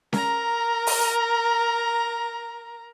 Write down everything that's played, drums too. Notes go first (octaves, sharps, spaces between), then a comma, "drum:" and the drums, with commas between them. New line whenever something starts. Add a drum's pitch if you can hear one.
A#4 A#5, drum: snare C#4
drum: open hi-hat